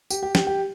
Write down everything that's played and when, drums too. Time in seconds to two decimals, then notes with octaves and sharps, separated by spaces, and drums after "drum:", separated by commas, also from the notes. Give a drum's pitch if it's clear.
0.10 G4, drum: tambourine
0.23 G4
0.35 G4, drum: snare
0.47 G4